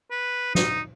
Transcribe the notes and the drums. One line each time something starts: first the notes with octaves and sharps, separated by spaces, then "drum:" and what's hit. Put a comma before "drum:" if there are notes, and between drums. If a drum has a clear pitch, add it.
B4
D#4, drum: snare